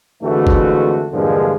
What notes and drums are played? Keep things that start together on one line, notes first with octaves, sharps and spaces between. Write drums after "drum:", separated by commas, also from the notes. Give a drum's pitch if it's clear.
F2 D3 E3 G#3 A3 F#4
drum: kick F#1
E2 G2 A#2 D3 F3 G#3